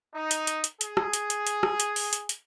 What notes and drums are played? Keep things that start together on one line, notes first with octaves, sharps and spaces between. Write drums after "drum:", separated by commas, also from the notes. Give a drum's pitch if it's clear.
D#4
drum: hi-hat
drum: hi-hat
drum: hi-hat
G#4, drum: hi-hat
drum: rim click
drum: hi-hat
drum: hi-hat
drum: hi-hat
drum: rim click
drum: hi-hat
drum: open hi-hat
drum: hi-hat
drum: hi-hat